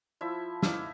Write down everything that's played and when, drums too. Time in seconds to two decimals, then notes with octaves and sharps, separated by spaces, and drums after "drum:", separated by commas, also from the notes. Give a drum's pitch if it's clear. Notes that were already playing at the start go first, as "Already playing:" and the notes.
0.21 F3 E4 E5
0.62 A#3 D#4 E4 E5, drum: snare